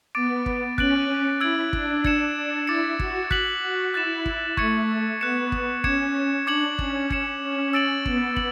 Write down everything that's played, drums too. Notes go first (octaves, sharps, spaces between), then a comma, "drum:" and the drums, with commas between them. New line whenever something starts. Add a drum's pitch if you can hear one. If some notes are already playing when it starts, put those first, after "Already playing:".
B3 D6 A6 D7
drum: kick
C#4 F#6 A6 D7 F#7, drum: kick
E4 E6 G#6 D7 F#7
D4, drum: kick
G#6 C#7 E7, drum: kick
D4
E4 D6 A6 C#7
F#4, drum: kick
F#6 B6 F#7, drum: kick
F#4
E4 F#6 A6 E7
drum: kick
A3 C#6 G#6 C#7 F#7, drum: kick
B3 F#6 C#7 E7
drum: kick
C#4 D6 G#6 C#7 E7, drum: kick
D4 D6 G#6 C#7 F#7
C#4, drum: kick
G#6 C#7 E7, drum: kick
C#4
E6 A6 D7 F#7
B3, drum: kick
F#7, drum: kick